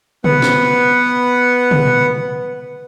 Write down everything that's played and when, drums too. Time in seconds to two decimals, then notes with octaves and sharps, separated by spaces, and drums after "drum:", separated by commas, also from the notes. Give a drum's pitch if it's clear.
0.24 B3 B4 F#5, drum: tom
0.42 drum: snare
1.71 drum: tom